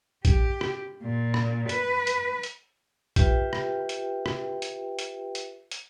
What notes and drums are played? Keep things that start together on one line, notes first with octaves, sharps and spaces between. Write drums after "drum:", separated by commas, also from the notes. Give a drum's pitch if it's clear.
G4, drum: kick A#1, hi-hat
drum: rim click
A#2
drum: rim click
B4, drum: hi-hat
drum: hi-hat
drum: hi-hat
F4 G4 B4 E5 G5, drum: kick A#1, hi-hat
drum: rim click
drum: hi-hat
drum: rim click
drum: hi-hat
drum: hi-hat
drum: hi-hat
drum: hi-hat